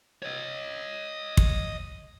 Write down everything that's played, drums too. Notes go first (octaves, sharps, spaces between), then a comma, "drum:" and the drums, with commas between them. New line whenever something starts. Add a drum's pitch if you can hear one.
C#5 D#5
drum: kick